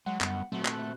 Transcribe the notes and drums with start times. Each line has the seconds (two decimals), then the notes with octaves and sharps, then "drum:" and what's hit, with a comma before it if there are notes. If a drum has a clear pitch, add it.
0.06 F#3 G#3 F#5
0.21 F#2 G3 B3, drum: clap
0.52 A#2 F#3 A3 C4 F#4
0.65 F#6, drum: clap